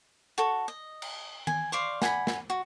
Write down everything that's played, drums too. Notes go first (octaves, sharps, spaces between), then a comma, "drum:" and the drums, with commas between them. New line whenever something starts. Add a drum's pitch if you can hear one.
F#4 A4 C#6
D#5
drum: cymbal
G#5, drum: tom D#3
C5 D5 F5 C#6
F#5 G#5 A#5 B5, drum: snare
drum: snare
F#4